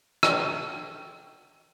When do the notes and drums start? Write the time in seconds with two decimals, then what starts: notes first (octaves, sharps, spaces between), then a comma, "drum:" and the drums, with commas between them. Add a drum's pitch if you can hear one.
0.23 A4 F#5 G5, drum: rim click